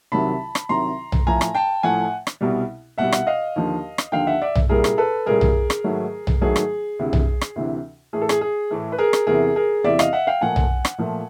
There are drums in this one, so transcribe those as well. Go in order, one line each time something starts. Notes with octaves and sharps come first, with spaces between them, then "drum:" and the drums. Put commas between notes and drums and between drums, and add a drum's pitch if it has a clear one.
C2 C3 D#3 F#3 A5 B5
drum: rim click
C2 C3 D#3 F#3 A#5 C6
drum: tom B1
A2 F3 A3 G#5 A#5
drum: rim click
G5 A5
A2 F3 A3 F#5 G#5
drum: rim click
C2 B2 G3
C2 B2 G3 E5 F#5
drum: rim click
D#5 F5
D#2 D3 F3
drum: rim click
D#2 D3 F3 F5 G5
E5 F#5
D5 E5
drum: tom B1
C2 A#2 G3 G#4 A#4
drum: rim click
A4 B4
C2 A#2 G3 G#4 A#4
drum: tom B1
drum: rim click
G#2 D#3 F#3 A3
drum: tom B1
G#2 D#3 F#3 A3 G#4
drum: rim click
D2 C3 E3
drum: tom B1
drum: rim click
D2 C3 E3
A2 E3 A3 G#4
A4
G#4, drum: rim click
G#4
A2 E3 A3
B4
G#4 A#4
drum: rim click
E2 C3 E3 G#4 A#4
G#4 A#4
E2 C3 E3 D5 E5
D#5 F5, drum: rim click
E5 F#5
F5 G5
A#2 F3 A3 F#5 G#5
drum: tom B1
drum: rim click
A#2 F3 A3